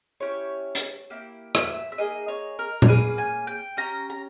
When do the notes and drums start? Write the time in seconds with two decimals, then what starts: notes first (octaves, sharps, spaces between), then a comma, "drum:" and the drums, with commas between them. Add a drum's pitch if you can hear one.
0.21 C#4 E4 G4 C#5
0.75 drum: hi-hat
1.10 A#3 E4 G4
1.55 E5, drum: rim click
1.92 E5
1.98 A#3 D#4 G#4 D#5
2.28 C#5
2.59 A#4
2.82 C#5, drum: tom A#2
2.88 A#3 C#4 G#4 B4
3.18 G#5
3.47 G5
3.77 C#4 G4 A#5
4.10 A#5